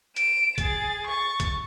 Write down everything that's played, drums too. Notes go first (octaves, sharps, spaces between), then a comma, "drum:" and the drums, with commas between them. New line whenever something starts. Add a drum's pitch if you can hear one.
D7 E7, drum: hi-hat
G#4 A6, drum: kick, hi-hat
C#6 A6
drum: kick, hi-hat